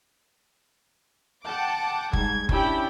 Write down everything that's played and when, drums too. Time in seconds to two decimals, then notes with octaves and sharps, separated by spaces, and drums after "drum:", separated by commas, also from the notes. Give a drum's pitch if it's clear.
1.44 F#5 G5 A5 D6
2.13 G#2 G3 G#6, drum: kick F#1
2.49 C#4 D4 E4 G4 G5 B5, drum: kick F#1